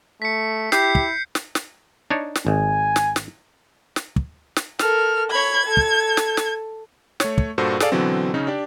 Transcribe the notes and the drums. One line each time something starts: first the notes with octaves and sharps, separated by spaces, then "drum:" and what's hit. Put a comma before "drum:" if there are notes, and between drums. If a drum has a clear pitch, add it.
A3 B6 C#7
E4 G4 G6 C7, drum: snare
drum: kick
drum: snare
drum: snare
D4 D#4 C#5
drum: snare
G#1 G#5
drum: snare
drum: snare
drum: snare
drum: kick
drum: snare
A4 A#4 F6, drum: snare
C#5 B5 G#6
A4
drum: kick
drum: snare
drum: snare
A3 C#5, drum: snare
drum: kick
G2 A#2 F#4 A4 C5 E6
G#4 A4 D5 F5, drum: snare
B2 D3 E3 F#3 C4
C#3 C#4 D#4
D4 G4 D5